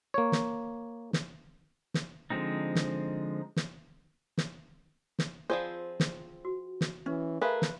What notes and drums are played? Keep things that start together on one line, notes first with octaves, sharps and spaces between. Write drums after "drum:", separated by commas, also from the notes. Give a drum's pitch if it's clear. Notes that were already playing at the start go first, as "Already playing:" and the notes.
A#3 C#5
drum: snare
drum: snare
drum: snare
D3 F3 G#3 C4 D#4
drum: snare
drum: snare
drum: snare
drum: snare
F3 C4 F4 G#4 C5 D5
drum: snare
F#4
drum: snare
E3 C#4
A3 G#4 A#4 B4 E5 F5 C6
drum: snare